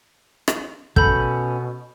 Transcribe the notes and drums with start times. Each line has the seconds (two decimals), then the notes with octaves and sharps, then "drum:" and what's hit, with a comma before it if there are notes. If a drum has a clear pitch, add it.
0.48 drum: rim click
0.96 B2 B3 C#4 A4 B5 G6, drum: kick